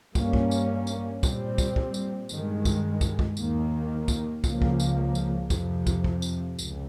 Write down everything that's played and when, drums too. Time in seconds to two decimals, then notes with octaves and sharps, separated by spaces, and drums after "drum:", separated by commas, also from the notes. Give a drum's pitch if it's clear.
0.15 G2 G3 A#3 C#4, drum: kick, tambourine
0.33 drum: kick
0.51 drum: tambourine
0.87 drum: tambourine
1.23 A#2 G3 C4, drum: kick, tambourine
1.58 drum: kick, tambourine
1.76 drum: kick
1.94 drum: tambourine
2.29 G2 D#3 G#3, drum: tambourine
2.65 drum: kick, tambourine
3.01 drum: kick, tambourine
3.19 drum: kick
3.37 D#2 D#3 A#3, drum: tambourine
4.08 drum: kick, tambourine
4.44 C#2 C#3 F3 A#3, drum: kick, tambourine
4.62 drum: kick
4.79 drum: tambourine
5.15 drum: tambourine
5.50 F2 C3 F3, drum: kick, tambourine
5.87 drum: kick, tambourine
6.04 drum: kick
6.22 drum: tambourine
6.59 C#2, drum: tambourine